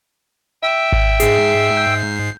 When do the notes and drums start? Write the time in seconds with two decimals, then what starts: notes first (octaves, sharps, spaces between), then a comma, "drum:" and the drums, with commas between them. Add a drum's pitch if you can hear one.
0.63 E5 G5 E6
0.92 drum: kick G#1
1.20 G#2 G#4 C7, drum: hi-hat
1.77 G6